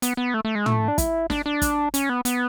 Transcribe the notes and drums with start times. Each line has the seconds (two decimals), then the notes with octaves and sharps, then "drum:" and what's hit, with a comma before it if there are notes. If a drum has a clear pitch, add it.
0.02 B3, drum: hi-hat
0.17 B3
0.34 A3
0.45 A3
0.55 G#3
0.66 A3, drum: tom
0.88 D4
0.98 E4, drum: kick, hi-hat
1.30 D4, drum: snare
1.46 D4
1.62 drum: kick, hi-hat
1.94 C#4, drum: hi-hat
2.09 B3
2.25 B3, drum: hi-hat